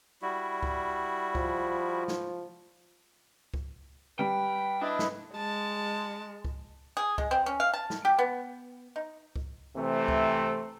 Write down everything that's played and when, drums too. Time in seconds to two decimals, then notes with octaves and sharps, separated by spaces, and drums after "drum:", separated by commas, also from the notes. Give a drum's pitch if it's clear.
0.22 G3 E4 F#4
0.63 drum: kick C#2
1.35 F3, drum: kick C#2
2.08 drum: snare
3.54 drum: kick C#2
4.19 G3 B4 G5
4.82 D4 E4 B4 D#5
4.99 drum: snare
5.35 G#3 A5
6.45 drum: kick C#2
6.97 G#4
7.18 G#3, drum: kick C#2
7.31 C4
7.46 C#4
7.60 F5
7.73 A5
7.90 drum: snare
8.05 G4
8.19 B3
8.96 D#4
9.36 drum: kick C#2
9.76 C3 E3 A3 C4
10.08 drum: kick C#2